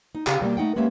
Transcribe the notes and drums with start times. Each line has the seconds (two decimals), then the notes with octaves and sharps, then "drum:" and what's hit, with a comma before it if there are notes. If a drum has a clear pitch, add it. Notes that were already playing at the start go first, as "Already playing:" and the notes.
0.15 D#4
0.27 C#3 G4 G#4 F5, drum: clap
0.41 B2 G3 A#3 G4
0.57 A3 D#4 F#5 G5
0.76 G#3 A#3 B3 C#4 G4 E5